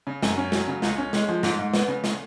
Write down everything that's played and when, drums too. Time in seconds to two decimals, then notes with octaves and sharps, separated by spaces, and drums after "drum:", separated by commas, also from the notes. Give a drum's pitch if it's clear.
0.07 C#3
0.22 F#2, drum: snare
0.37 C#4
0.52 F#3, drum: snare
0.68 C#3
0.82 C#2, drum: snare
0.98 C#4
1.13 G#3, drum: snare
1.28 F3
1.43 G#2, drum: snare
1.59 G#2
1.73 B3, drum: snare
1.88 C#3
2.04 drum: snare